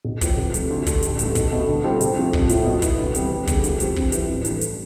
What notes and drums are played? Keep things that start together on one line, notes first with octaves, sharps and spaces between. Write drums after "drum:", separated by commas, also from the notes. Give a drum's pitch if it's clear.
B1
A2 F3 B3, drum: kick, hi-hat
C2
C3 F3 A3, drum: hi-hat
D2
D3 A3 D4 G4, drum: kick, hi-hat
A1, drum: hi-hat
G2 D3 A3, drum: hi-hat
B1, drum: kick, hi-hat
B2 A3
D3
G3 C4 F4 A4
C2, drum: hi-hat
C3 F3 A3
A1, drum: kick
A2 F3 A3 E4, drum: hi-hat
B2
B3 E4, drum: kick, hi-hat
D2
C3 E3 G3 B3, drum: hi-hat
F1
E2 D3 G3, drum: kick, hi-hat
D2, drum: hi-hat
C3 F3 C4 G4, drum: hi-hat
C3, drum: kick
F3 C4 E4 B4, drum: hi-hat
A1
G2 E3 A3, drum: hi-hat
drum: hi-hat